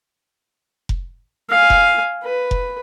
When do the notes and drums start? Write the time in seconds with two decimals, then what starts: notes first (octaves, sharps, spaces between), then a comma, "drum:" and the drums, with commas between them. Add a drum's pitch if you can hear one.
0.89 drum: kick F1
1.50 F5 G#5
1.70 drum: kick F1
2.24 B4
2.51 drum: kick F1